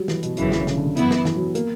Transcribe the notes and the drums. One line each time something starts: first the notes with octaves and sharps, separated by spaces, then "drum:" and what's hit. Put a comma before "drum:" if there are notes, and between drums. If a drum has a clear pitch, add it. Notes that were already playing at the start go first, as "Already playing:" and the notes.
Already playing: F#3 G3
E3, drum: snare
B2, drum: hi-hat
G1 F#2 C#3 E3, drum: hi-hat
drum: snare
C#3, drum: snare
D3
C#3
F#2 E3 B3 E4, drum: hi-hat
drum: snare
E3, drum: snare
F#3
A#3, drum: hi-hat